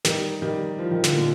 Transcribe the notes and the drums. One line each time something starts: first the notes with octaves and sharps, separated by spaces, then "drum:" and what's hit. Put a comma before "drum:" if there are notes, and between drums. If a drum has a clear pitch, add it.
D#3 G3, drum: snare
D#3 G3
F3
D#3
D3 F3, drum: snare
A#2